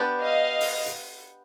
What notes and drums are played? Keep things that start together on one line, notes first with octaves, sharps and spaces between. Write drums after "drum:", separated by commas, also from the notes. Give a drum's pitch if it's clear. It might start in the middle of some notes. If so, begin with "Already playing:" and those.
Already playing: B3 D4 G4 B4 D5
D#5 F5
drum: open hi-hat
drum: hi-hat